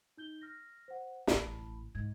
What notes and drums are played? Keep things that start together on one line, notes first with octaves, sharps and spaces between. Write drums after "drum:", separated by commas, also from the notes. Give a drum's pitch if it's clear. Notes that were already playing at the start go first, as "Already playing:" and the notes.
D#4 G6 G7
F6 A#6
C5 F#5
A1 A2 A5 B5, drum: snare
G#2 G#6